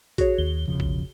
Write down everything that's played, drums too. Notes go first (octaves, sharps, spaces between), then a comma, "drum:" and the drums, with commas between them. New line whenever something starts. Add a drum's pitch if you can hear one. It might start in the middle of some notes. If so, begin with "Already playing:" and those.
F#4 G#4 C#5, drum: kick, hi-hat
D#2 G7
E1 C#3 F3
drum: kick